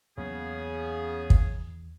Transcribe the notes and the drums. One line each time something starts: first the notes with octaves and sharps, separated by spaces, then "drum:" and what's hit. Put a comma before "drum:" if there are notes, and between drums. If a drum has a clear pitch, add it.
E2 C#3 F#3 A#3 B3 G#4
drum: kick